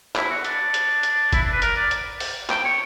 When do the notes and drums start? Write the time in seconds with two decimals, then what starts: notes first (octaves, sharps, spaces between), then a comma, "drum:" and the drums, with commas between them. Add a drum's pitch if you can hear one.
0.16 E4, drum: clap
0.30 F#4
0.44 D4, drum: hi-hat
0.74 drum: hi-hat
1.03 drum: hi-hat
1.32 E4, drum: kick, hi-hat
1.42 D4
1.52 B4
1.62 A#4, drum: hi-hat
1.76 D5
1.91 drum: hi-hat
2.20 drum: open hi-hat
2.50 G5, drum: clap
2.64 C#5